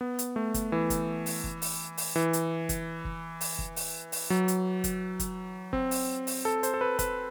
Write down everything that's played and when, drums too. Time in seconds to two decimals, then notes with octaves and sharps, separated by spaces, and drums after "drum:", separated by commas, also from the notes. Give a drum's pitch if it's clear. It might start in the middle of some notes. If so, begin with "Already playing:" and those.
0.01 B3
0.19 drum: hi-hat
0.36 A3
0.54 drum: kick, hi-hat
0.72 E3
0.90 drum: kick, hi-hat
1.26 drum: open hi-hat
1.44 drum: kick
1.62 drum: open hi-hat
1.98 drum: open hi-hat
2.16 E3
2.33 drum: hi-hat
2.69 drum: kick, hi-hat
3.05 drum: kick
3.41 drum: open hi-hat
3.59 drum: kick
3.76 drum: open hi-hat
4.12 drum: open hi-hat
4.30 F#3
4.48 drum: hi-hat
4.84 drum: kick, hi-hat
5.20 drum: kick, hi-hat
5.73 C4, drum: kick
5.91 drum: open hi-hat
6.27 drum: open hi-hat
6.45 A4
6.63 C5, drum: hi-hat
6.74 A4
6.81 B4
6.99 B4, drum: kick, hi-hat